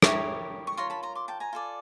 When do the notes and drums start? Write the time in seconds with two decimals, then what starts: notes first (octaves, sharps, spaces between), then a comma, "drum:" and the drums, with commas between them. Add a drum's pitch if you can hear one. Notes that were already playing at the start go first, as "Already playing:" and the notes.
0.02 E4 G4 A#4 C#5, drum: rim click
0.67 C#6
0.77 F4 A#4 C#5 A#5 C6
0.90 A5 B5
1.03 A#5 C6
1.15 C6 D6
1.28 G5 A5
1.40 G#5 A#5
1.53 F4 A4 D5